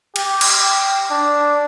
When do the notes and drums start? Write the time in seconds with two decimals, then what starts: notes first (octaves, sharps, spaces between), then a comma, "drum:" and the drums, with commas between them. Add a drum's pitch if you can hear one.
0.16 G4, drum: cymbal
0.41 drum: cymbal
1.11 D4